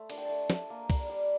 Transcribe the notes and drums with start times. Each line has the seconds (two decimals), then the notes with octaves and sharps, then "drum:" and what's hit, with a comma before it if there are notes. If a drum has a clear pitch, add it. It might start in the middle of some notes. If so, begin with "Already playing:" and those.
Already playing: A3 C6
0.10 D4 A5, drum: cymbal
0.18 G5
0.25 A3 A5
0.50 A3, drum: snare
0.70 A#3
0.90 G3, drum: kick, cymbal
1.09 G3